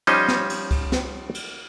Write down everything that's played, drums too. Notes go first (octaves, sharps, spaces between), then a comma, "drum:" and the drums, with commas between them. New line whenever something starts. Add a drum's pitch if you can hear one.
F3 G3 C#4 D#4 C5 D#5, drum: cymbal
drum: snare
drum: cymbal
drum: kick C#2, cymbal
drum: snare
drum: cymbal